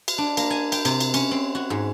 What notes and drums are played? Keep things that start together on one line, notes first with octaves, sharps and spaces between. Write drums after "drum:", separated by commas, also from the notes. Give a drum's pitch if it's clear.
drum: cymbal
D4
A#3, drum: cymbal
G#5
G5, drum: cymbal
C3, drum: cymbal
drum: cymbal
C#4, drum: cymbal
C4
F#4
G#2